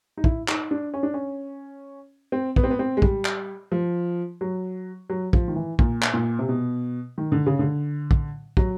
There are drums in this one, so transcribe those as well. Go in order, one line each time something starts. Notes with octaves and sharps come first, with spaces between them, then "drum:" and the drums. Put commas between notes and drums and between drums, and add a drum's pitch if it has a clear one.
D#4
E4, drum: kick
D#4, drum: clap
D4
C#4
D4
C#4
C4
B3, drum: kick
C4
B3
C4
G#3
G3, drum: kick
drum: clap
F3
F#3
F#3
F3, drum: kick
D#3
E3
A#2, drum: kick
drum: clap
A#2
C3
B2
D#3
D3
C#3
D3
drum: kick
F#3, drum: kick